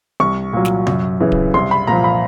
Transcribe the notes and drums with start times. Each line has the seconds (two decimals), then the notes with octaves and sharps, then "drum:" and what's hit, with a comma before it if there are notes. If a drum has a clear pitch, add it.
0.20 C2 C#6
0.53 A#2 F#3
0.65 drum: snare
0.87 F#2, drum: tom C3
1.20 C#3 E3
1.32 drum: kick D1
1.54 C2 C6
1.71 B5
1.87 A#2 F3 A#5
2.04 B5